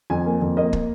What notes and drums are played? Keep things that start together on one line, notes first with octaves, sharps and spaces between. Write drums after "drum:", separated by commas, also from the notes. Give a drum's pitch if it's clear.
F2 G#5
A#3
F2
A#3 D#5
drum: kick